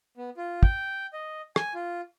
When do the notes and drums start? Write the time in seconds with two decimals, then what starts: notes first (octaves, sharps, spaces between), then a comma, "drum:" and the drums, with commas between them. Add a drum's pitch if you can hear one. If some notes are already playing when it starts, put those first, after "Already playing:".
0.17 B3
0.37 F4
0.63 G5, drum: kick
1.13 D#5
1.56 G#5, drum: rim click
1.74 F4